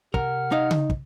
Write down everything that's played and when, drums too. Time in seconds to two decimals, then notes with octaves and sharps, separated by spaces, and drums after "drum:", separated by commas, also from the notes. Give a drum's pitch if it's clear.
0.14 C3 A#4 F#5 F6, drum: kick
0.52 D#4 F5
0.71 drum: tom C#3
0.90 drum: kick